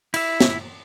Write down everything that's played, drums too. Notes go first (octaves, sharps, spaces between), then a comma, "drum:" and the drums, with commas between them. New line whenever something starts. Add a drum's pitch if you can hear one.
E4 E5, drum: cymbal
drum: snare